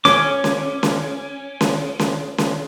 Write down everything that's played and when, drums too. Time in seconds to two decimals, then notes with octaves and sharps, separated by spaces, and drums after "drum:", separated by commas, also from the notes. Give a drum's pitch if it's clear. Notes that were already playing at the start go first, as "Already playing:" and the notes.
0.05 C#4 D6, drum: snare C#4
0.44 drum: snare C#4
0.83 drum: snare C#4
1.61 drum: snare C#4
1.99 drum: snare C#4
2.38 drum: snare C#4